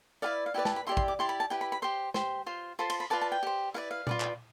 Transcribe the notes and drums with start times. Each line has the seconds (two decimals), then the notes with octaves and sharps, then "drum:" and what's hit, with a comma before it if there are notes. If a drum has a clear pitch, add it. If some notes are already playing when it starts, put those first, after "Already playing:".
0.22 E4 G4 B4 D5 F5
0.46 F5
0.54 E4 G4 B4 D5 G5
0.65 A5, drum: snare
0.76 B5
0.87 E4 G4 D5 C6
0.97 C6, drum: kick
1.08 D6
1.19 E4 G4 D5 C6
1.29 B5
1.40 A5
1.50 E4 G4 B4 G5
1.61 B5
1.72 B5
1.82 G4 C5 C6
2.14 G4 C5, drum: snare
2.46 F4 C5
2.79 F4 A4 C5 B5
2.90 C6, drum: cymbal
3.00 B5
3.10 F4 B4 D5 A5
3.21 A5
3.32 G5
3.43 G4 C5
3.74 E4 B4 D5 F5
3.91 F5
4.07 F4 B4 D5, drum: tom A#2
4.20 drum: clap